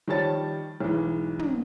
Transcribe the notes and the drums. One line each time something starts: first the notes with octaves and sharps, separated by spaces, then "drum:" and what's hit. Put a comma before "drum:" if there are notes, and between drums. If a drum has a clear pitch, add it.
D#3 F3 G3 C#5 A5 A6
B1 G#2 E3
drum: tom